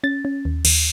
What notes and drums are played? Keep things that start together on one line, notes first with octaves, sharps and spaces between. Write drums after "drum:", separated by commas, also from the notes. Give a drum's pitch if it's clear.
C#4 A6
C#4
D#2
D#2, drum: cymbal